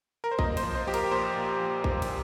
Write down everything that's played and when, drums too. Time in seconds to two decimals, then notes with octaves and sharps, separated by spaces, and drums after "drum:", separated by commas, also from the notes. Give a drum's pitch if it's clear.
0.24 A#4
0.31 C5
0.39 A#3 D#5, drum: kick A#1
0.57 C5, drum: cymbal
0.63 F3
0.75 C5
0.87 F3 G4
0.94 A#4, drum: cymbal
1.11 A#2 C5
1.36 A#2
1.60 F3
1.84 F3, drum: kick A#1
2.02 drum: cymbal